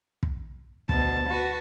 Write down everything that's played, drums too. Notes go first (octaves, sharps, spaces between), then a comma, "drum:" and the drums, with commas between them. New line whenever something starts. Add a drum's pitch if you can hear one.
drum: kick
D2 B2 A5, drum: kick
F#4 B4